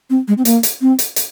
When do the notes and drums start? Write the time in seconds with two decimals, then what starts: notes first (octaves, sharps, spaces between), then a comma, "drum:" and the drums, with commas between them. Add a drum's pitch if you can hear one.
0.10 C4
0.28 G#3
0.38 C4
0.45 A#3, drum: hi-hat
0.63 drum: hi-hat
0.81 C4
0.99 drum: hi-hat
1.16 drum: hi-hat